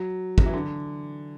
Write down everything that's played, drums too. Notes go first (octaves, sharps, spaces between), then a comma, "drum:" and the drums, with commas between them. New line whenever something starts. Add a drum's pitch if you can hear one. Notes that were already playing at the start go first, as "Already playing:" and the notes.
Already playing: F#3
F#3, drum: kick
E3
D3